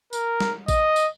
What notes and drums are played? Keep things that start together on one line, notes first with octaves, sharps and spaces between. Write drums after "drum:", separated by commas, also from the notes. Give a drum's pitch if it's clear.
A#4, drum: tambourine
drum: snare
D#5, drum: kick A1, tambourine
drum: tambourine